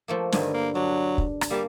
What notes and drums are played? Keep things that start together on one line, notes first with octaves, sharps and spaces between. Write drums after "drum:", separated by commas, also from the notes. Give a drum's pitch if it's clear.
F3 A3 A#3
G2 D3 D#3, drum: snare
A#3
F#3 D4
drum: kick
drum: rim click
G3 A#3 A5